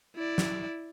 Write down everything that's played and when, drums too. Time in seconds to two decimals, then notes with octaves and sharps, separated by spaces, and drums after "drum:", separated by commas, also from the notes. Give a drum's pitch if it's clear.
0.16 E4 D5
0.38 drum: snare